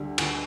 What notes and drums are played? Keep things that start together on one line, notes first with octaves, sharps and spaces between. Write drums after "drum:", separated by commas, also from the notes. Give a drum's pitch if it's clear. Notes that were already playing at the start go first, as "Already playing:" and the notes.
Already playing: D2 D3 G3
D2 F#5 G#5, drum: cymbal